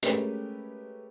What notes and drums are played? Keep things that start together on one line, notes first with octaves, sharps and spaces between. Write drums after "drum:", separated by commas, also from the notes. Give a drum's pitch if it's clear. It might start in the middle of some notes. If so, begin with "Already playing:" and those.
G#3 A3 C#4 G4 A#4 B4, drum: hi-hat